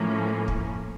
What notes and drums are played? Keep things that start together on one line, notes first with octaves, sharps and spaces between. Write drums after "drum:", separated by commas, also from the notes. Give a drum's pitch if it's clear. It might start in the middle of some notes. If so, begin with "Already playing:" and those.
Already playing: A2 F3 A#3 C#4
drum: kick